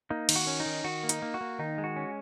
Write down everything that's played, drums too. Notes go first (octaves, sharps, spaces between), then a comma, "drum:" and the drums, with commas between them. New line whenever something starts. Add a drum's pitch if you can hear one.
A#3 D#4
D#3, drum: cymbal
F#4
C#4
D#4
D#3
D#3 F#4
A#3
D#4, drum: hi-hat
A#3
F#4
A#3
D#3 D#4
G#3
F#4
C#4